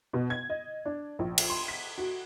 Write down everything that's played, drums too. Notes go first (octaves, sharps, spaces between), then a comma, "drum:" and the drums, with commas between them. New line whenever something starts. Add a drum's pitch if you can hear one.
B2
G#6
D#5
D4
A#1
drum: cymbal
C6
B6
F#4